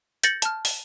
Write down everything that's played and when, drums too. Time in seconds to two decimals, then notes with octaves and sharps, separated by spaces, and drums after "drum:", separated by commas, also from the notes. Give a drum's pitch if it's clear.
0.24 G6 A6 A#6 C#7 F#7, drum: hi-hat
0.42 A5 F6, drum: hi-hat
0.65 drum: open hi-hat